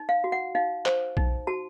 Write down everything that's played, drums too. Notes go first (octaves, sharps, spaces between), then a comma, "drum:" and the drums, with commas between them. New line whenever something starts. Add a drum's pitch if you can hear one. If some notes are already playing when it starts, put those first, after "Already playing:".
Already playing: D#4
F5
F#4
F#5
D#4 F5
C5, drum: clap
D#4, drum: kick B1
F#4 A5